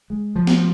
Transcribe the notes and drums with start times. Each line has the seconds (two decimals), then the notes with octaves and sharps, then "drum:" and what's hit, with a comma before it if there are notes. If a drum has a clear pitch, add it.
0.10 G#3
0.36 F3
0.47 drum: snare